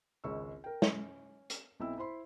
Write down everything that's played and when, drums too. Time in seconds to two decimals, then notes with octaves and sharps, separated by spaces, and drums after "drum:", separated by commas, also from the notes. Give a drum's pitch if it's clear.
0.24 G#1 C#2 C#6 E6
0.64 A#4 G5
0.82 C#4, drum: snare
1.50 drum: hi-hat
1.80 B1 C4 E4 E6
1.98 E4 C5 B5 C6